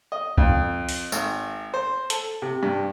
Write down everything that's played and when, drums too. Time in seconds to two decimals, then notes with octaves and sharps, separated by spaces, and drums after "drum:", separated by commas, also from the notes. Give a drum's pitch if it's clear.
0.12 D#5
0.38 F2, drum: kick
0.89 drum: open hi-hat
1.12 G#1, drum: tambourine
1.74 C5
2.10 A4, drum: hi-hat
2.42 C3
2.63 G2